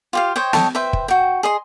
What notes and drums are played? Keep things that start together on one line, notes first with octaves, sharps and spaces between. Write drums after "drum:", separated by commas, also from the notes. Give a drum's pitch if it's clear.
F4 G4 F5
C5 C#5 D#5 G5
A4 C#5 D#5 G5, drum: snare
B4 C5 E5 G5
drum: kick
F#4 G5
G#4 D#5 C6